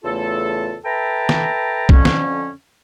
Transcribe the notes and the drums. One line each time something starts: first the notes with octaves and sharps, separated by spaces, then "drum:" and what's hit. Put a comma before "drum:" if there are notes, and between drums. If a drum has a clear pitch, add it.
E2 C#3 A3 F4 A4
A4 B4 E5 G5 A5 A#5
drum: snare
F2 D3 F3 C#4, drum: kick
drum: snare